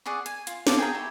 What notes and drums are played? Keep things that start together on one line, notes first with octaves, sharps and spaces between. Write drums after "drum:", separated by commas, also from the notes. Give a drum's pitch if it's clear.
G#4 D5 F#5 C#6
G#5, drum: hi-hat
F4, drum: hi-hat
F5 A5 D6, drum: snare
G#4 G5 A#5
E4 G4 C#5